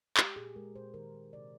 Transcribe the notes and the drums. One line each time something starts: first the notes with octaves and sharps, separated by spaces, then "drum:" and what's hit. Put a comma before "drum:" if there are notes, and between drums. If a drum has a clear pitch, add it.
G#3 G4, drum: clap
A#2 G#4
G#3 A#4
A#2 C5
D#3 A#4
G#3
C3 D5